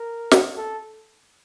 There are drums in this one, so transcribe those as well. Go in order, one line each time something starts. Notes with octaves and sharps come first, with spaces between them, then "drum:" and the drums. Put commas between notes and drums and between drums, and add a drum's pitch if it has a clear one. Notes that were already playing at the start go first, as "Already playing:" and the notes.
Already playing: A#4
drum: snare
A4